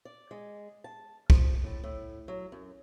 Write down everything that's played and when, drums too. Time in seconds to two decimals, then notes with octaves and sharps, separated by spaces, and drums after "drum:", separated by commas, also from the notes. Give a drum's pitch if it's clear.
0.05 D5
0.31 G#3
0.84 A5
1.30 F3, drum: kick
1.64 A2
1.84 A2
2.28 F#3
2.52 F#2